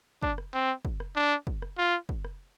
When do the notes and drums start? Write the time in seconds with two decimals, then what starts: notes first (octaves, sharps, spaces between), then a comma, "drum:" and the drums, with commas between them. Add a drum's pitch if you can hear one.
0.22 D4, drum: kick
0.38 drum: rim click
0.54 C4
0.85 drum: kick
1.00 drum: rim click
1.16 D4
1.47 drum: kick
1.62 drum: rim click
1.78 F4
2.09 drum: kick
2.25 drum: rim click